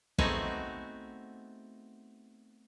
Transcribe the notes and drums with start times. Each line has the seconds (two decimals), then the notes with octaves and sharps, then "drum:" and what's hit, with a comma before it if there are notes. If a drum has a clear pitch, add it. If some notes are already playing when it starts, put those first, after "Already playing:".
0.18 A3 B3 C4 D#4 F#4 G#4, drum: kick